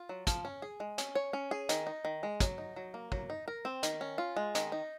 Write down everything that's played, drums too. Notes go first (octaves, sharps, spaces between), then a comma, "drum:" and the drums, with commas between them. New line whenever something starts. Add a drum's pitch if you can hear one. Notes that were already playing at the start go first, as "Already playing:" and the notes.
Already playing: F4
F#3
F3, drum: kick, hi-hat
C#4
G#4
G#3
C#4, drum: hi-hat
C#5
C#4
G#4
D#3, drum: hi-hat
D#4
D#3
G#3
F#3, drum: kick, hi-hat
D#4
F#3
A#3
F#3, drum: kick
D#4
A#4
C4
D#3, drum: hi-hat
C#4
F4
G#3
D#3, drum: hi-hat
D#4